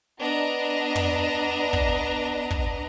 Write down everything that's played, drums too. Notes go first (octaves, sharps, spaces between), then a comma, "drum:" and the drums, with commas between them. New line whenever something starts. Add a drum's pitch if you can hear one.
B3 D4 D#5 A#5
drum: tom
drum: kick
drum: kick